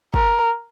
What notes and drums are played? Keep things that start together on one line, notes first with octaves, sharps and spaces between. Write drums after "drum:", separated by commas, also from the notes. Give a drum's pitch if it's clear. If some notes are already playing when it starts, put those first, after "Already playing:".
A#4, drum: kick